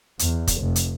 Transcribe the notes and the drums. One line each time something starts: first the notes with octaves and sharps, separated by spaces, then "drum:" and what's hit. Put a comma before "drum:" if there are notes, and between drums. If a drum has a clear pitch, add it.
E2, drum: hi-hat
drum: kick, hi-hat
F1
drum: hi-hat